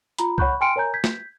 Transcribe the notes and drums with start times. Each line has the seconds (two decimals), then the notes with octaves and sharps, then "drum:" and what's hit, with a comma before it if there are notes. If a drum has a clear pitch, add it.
0.18 F4 A#5 B5, drum: hi-hat
0.38 C#5 F#5 B5 C#6 F#6 G6, drum: kick C2
0.61 G5 G#5 C6 F6 C#7 D7
0.76 A#4 C#5 G#5 A#5 G6
0.94 G6 G#6 B6
1.04 drum: snare